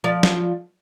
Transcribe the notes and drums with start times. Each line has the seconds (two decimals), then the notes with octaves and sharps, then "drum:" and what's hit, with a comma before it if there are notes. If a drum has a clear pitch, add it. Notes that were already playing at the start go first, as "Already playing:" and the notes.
0.04 F3 D5
0.23 drum: snare